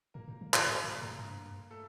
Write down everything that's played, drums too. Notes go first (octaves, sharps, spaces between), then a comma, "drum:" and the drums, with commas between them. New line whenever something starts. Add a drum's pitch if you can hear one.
A2 A#3 A#4
A2
D3
G2, drum: clap
G2 A3 A4
A2 A#3 A#4
G2 A#3 A#4
G2
A3 A4